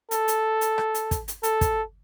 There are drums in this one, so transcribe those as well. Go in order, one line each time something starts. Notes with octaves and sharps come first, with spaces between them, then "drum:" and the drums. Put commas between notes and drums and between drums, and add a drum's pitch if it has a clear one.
A4, drum: hi-hat
drum: hi-hat
drum: hi-hat
drum: rim click
drum: hi-hat
drum: kick, hi-hat
drum: hi-hat
A4, drum: hi-hat
drum: kick, hi-hat